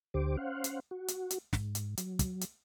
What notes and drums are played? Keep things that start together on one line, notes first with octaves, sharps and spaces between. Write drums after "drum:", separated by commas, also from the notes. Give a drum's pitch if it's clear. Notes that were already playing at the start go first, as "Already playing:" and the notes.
D2 D3 G4 C5 D6
C#4 C5 F5 F#5
drum: hi-hat
F#4
drum: hi-hat
drum: hi-hat
G#2, drum: snare
drum: hi-hat
F#3, drum: hi-hat
drum: kick, hi-hat
drum: hi-hat